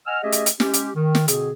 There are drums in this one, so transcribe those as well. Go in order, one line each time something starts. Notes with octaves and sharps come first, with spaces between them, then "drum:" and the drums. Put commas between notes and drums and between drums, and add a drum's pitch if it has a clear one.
D#5 F#5 G#5 E6 F6
A3 C#4 G4 G#4 D#5 E5
drum: hi-hat
drum: hi-hat
G#3 C#4 G4, drum: snare
drum: hi-hat
D#3
drum: snare
B2 D3 C4 G#4, drum: hi-hat